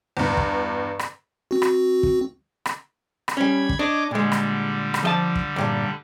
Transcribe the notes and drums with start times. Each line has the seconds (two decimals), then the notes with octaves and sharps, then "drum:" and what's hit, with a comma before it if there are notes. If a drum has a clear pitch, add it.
0.17 E2 G2
0.37 drum: kick
0.99 drum: rim click
1.51 C4 F#4
1.62 drum: rim click
2.03 drum: kick
2.66 drum: rim click
3.28 drum: rim click
3.37 G3 C#4 B5 G#6
3.69 drum: kick
3.79 D4 C#5 D#5 D6
4.11 A#2 D3 G3 G#3
4.32 drum: rim click
4.94 drum: rim click
5.03 F3 D#5 A5
5.35 drum: kick
5.56 E2 G2 A#2